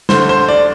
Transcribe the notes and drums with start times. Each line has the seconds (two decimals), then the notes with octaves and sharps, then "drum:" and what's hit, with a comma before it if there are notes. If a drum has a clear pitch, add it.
0.09 D2 D3 A3 C5, drum: snare
0.29 C5
0.49 D5